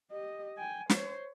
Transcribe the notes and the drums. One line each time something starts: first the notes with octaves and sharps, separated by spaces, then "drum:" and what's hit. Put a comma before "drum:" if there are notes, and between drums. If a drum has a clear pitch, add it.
G4 D#5
G5 G#5
C5 C#5, drum: snare